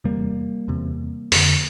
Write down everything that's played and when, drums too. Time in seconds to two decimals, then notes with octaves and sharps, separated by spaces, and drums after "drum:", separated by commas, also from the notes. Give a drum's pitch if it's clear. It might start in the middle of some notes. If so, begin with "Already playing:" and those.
0.04 E2 C3 G3 A#3
0.68 E2 C3
1.32 F2 D3, drum: open hi-hat